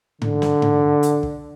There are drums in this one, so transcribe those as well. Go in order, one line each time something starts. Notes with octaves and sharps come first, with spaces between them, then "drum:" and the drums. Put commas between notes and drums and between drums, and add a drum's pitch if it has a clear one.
D3, drum: tom G#2
drum: snare
drum: tom G#2
drum: hi-hat
drum: kick